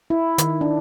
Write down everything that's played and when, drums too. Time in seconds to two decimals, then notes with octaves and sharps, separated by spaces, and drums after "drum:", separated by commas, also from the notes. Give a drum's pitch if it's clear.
0.10 E4
0.38 D#3, drum: hi-hat
0.61 D4